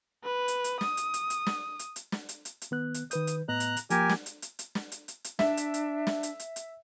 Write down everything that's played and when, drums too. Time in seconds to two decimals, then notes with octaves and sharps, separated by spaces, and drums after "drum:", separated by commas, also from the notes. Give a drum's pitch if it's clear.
0.24 B4
0.48 drum: hi-hat
0.64 drum: hi-hat
0.81 D#6, drum: snare
0.97 drum: hi-hat
1.14 drum: hi-hat
1.30 drum: hi-hat
1.46 drum: snare
1.79 drum: hi-hat
1.96 drum: hi-hat
2.12 drum: snare
2.29 drum: hi-hat
2.45 drum: hi-hat
2.62 drum: hi-hat
2.71 D#3 B3 F#6
2.94 drum: hi-hat
3.11 D#3 B4 D#6 G6, drum: hi-hat
3.27 drum: hi-hat
3.49 A2 B3 D#5 A#5 F#6
3.60 drum: hi-hat
3.77 drum: hi-hat
3.90 F3 A#3 G4 A#4 G#5, drum: hi-hat
4.09 drum: snare
4.26 drum: hi-hat
4.42 drum: hi-hat
4.59 drum: hi-hat
4.75 drum: snare
4.92 drum: hi-hat
5.08 drum: hi-hat
5.24 drum: hi-hat
5.39 D4 E5, drum: snare
5.57 drum: hi-hat
5.74 drum: hi-hat
6.07 drum: snare
6.23 drum: hi-hat
6.40 drum: hi-hat
6.56 drum: hi-hat